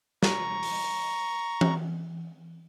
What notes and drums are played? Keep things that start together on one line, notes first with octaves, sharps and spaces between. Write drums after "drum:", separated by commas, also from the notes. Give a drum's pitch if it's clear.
A#5 C#6, drum: snare
drum: open hi-hat
drum: tom E3